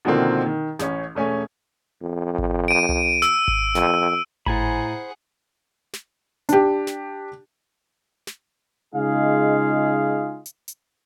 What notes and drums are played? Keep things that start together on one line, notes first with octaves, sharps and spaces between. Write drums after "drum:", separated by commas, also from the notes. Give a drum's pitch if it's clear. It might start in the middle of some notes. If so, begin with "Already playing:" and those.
B2 D3 D#3 F3 A#3 C4
D#3
A1 C#4, drum: snare
E1 A3 C#4 G#5
F2
drum: kick G#1
D7 D#7
drum: tom C2
E6, drum: snare
drum: kick G#1
F2, drum: snare
A2 E4 G#4 C5 F#5 G#5 A#5 B5, drum: kick G#1
drum: snare
D4 G4, drum: hi-hat
drum: snare
drum: snare
C#3 G#3 D#4 F4 G#4 F5
drum: hi-hat
drum: hi-hat